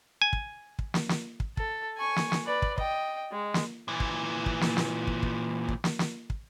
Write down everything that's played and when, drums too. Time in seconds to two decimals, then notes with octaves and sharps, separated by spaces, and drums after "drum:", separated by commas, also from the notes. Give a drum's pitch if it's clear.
0.22 G#5
0.33 drum: kick
0.79 drum: kick
0.94 drum: snare
1.09 drum: snare
1.40 drum: kick
1.57 A4, drum: kick
1.97 G#5 C#6
2.16 drum: snare
2.32 drum: snare
2.46 B4 D5
2.62 drum: kick
2.78 D#5 G5, drum: kick
3.31 G#3
3.54 drum: snare
3.88 A#2 E3
4.00 drum: kick
4.46 drum: kick
4.61 drum: snare
4.77 drum: snare
5.07 drum: kick
5.23 drum: kick
5.69 drum: kick
5.84 drum: snare
5.99 drum: snare
6.30 drum: kick